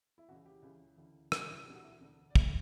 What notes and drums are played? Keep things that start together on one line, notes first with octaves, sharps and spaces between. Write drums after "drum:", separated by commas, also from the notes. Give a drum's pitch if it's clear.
E4
C#2 C#3 E3 F#4
G4
C#2 C#3 E3
D2 C#3 E3
D2 C#3 E3 F#4, drum: rim click
E4
E1 D2 D3 G4
F#4
E4
F#4
E1 D2 D3
D5
C#2 B2 E5, drum: kick